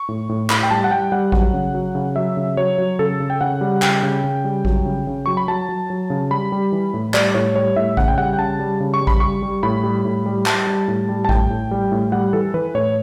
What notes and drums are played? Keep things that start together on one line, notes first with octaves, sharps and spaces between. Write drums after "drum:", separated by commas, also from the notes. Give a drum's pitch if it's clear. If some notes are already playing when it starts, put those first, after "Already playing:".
Already playing: C#6
A2
A2
A2 B5, drum: clap
G5
G3 A5
F#5
G3 G5
G3 F#5
F#3 F#5, drum: kick A1
C#3
F#3
C#3
F#3 E5
C#3
F#3 C#5
F#3
C#3 A4
C#3
G5
C#3 F#5
G3
C#3 G5, drum: clap
C#3
C#3
G3
F#3, drum: kick A1
C#3
C#3
F#3 C#6
B5
F#3 A5
F#3
F#3
C#3
G3 B5
G3
E3
A2
G3 D5, drum: clap
A2 C#5
G3 C#5
A2 E5
C#3 F#5, drum: kick A1
G5
G3 F#5
G5
C#3 A5
G3
C#3
C#6
G3
B5, drum: kick A1
G3 C#6
G3
A2 B5
G3
A2
G3
G3 A5, drum: clap
G3
A2
G3
A5
A2 G5, drum: kick A1
A2
G3
A2
G3 F#5
E3 A4
E3 B4
A2 C#5